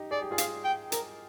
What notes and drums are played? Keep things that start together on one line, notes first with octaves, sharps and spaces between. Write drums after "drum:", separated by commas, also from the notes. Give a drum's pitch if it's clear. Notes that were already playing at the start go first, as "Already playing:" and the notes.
Already playing: D#4 G4
G#4 D5
G4
F4 G#4
F5, drum: hi-hat
G5
A#4, drum: hi-hat